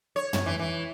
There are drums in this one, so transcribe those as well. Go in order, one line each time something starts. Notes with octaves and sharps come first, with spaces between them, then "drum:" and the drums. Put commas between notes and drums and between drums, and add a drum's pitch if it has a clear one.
C#5
drum: tom
E3
E3